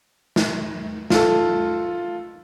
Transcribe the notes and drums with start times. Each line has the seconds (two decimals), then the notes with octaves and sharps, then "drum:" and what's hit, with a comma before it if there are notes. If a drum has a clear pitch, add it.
0.36 drum: snare
1.10 F4 A4, drum: snare